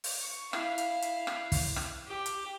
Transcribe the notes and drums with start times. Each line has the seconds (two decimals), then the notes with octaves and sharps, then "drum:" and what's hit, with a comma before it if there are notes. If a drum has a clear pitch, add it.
0.04 drum: open hi-hat
0.20 C#6
0.53 E4 F5, drum: rim click
0.78 drum: hi-hat
1.02 drum: hi-hat
1.27 drum: rim click
1.52 drum: kick, open hi-hat
1.76 drum: rim click
2.07 G4
2.26 drum: hi-hat